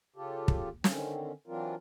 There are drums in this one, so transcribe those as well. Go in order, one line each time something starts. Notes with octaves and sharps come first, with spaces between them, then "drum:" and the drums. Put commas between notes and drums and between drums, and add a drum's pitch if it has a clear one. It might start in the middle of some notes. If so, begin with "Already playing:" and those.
C#3 F4 G4 A4
drum: kick
D3 D#3 C4 C#4, drum: snare
E3 F#3 C4 D4 F4 A#4